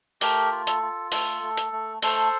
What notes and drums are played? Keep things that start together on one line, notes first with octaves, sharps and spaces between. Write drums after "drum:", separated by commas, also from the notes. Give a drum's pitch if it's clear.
A3 G4 A#4, drum: open hi-hat
F4
A4, drum: hi-hat
F4
A3 A4, drum: open hi-hat
A3
drum: hi-hat
A3
A3 A4 C5, drum: open hi-hat